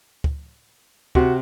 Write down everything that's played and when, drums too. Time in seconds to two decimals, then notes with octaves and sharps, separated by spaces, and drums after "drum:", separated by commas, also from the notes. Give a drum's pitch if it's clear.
0.24 drum: kick
1.15 C3 F#4, drum: kick